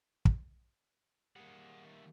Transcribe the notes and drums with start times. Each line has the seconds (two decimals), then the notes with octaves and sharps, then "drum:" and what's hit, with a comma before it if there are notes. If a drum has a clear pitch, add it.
0.25 drum: kick
1.36 G3 A#3 G#4 F#5
1.84 D#3 A3